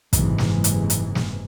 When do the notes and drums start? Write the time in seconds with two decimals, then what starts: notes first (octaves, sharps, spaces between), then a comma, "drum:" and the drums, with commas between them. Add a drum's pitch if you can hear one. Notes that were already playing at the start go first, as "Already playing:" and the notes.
0.13 F#1 G#2 C3 E3 G#3, drum: kick, hi-hat
0.38 drum: snare
0.64 drum: hi-hat
0.90 drum: hi-hat
1.15 drum: snare